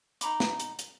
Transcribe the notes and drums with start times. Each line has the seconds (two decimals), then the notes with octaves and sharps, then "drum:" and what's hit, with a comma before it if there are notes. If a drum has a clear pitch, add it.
0.21 D#4 A#5 B5 D6, drum: hi-hat
0.40 drum: snare
0.60 drum: hi-hat
0.79 drum: hi-hat